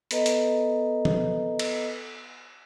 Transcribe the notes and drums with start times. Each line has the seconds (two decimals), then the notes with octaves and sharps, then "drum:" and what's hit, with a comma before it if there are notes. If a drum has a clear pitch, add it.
0.11 B3 A4 B4 D#5 A#5, drum: hi-hat
0.26 drum: hi-hat
1.05 drum: tom
1.59 drum: cymbal